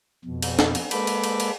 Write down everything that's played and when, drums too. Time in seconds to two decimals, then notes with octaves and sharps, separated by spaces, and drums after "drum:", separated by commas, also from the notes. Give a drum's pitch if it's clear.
0.25 F2 B2
0.42 drum: cymbal
0.59 drum: snare
0.75 drum: cymbal
0.91 G#3 A#3 A4 B4 B5 D6, drum: cymbal
1.07 drum: cymbal
1.24 drum: cymbal
1.40 drum: cymbal